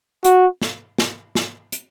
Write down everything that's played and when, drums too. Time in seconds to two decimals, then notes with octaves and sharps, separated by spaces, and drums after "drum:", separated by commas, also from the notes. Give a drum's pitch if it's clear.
0.24 F#4, drum: hi-hat
0.62 drum: snare
0.98 drum: snare
1.35 drum: snare
1.72 drum: hi-hat